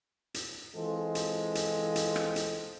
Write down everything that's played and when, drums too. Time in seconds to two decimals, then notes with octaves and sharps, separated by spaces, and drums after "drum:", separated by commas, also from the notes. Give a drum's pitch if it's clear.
0.34 drum: hi-hat
0.75 E3 G#3 C4 F4 A4
1.15 drum: hi-hat
1.55 drum: hi-hat
1.96 drum: hi-hat
2.16 drum: rim click
2.36 drum: hi-hat